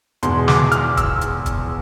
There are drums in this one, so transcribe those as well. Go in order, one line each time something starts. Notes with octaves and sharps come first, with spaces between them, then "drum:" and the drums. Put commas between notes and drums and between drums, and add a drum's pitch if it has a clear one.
E2 B2 G#3 C6, drum: hi-hat
D6, drum: snare
F6, drum: hi-hat
E6, drum: kick, hi-hat
drum: hi-hat
drum: kick, hi-hat